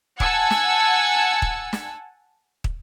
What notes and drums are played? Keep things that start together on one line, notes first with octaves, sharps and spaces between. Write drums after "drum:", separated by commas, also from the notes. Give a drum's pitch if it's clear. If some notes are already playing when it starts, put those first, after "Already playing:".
F#5 G#5 A5 E6 G#6 C#7, drum: kick
drum: snare
drum: kick
drum: snare
drum: kick